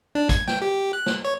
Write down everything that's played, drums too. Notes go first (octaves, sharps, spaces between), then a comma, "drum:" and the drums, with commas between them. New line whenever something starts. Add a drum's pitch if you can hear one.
D4
G#6, drum: kick, hi-hat
G5, drum: snare
G4
F#6
drum: snare
C#5